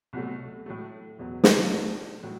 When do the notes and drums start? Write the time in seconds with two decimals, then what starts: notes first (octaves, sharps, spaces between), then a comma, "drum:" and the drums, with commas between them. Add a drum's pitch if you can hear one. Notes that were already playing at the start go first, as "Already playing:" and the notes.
0.13 C2 B2 F#3 A3
0.66 A2 F#3 A3
1.19 E2 B2 F#3 B3
1.44 drum: snare
1.70 A2 G3 D#4 A4
2.23 A2 F#3